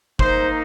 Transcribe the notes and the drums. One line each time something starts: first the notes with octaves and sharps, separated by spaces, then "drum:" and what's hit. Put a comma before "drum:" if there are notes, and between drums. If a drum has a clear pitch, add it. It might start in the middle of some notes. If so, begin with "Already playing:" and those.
A#3 D#4 C5, drum: kick G1